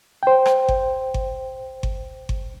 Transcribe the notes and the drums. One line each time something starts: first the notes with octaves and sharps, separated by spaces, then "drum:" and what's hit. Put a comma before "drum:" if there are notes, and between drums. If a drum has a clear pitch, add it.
C5 G5
drum: rim click
drum: kick G1
drum: kick G1
drum: kick G1
drum: kick G1